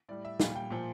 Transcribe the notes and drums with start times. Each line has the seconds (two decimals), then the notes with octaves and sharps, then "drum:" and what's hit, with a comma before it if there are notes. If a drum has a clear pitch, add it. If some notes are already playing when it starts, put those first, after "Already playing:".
0.09 A2 G3 D5
0.25 E5
0.40 A#2 G3 F5, drum: snare
0.56 G5
0.70 A#2 F3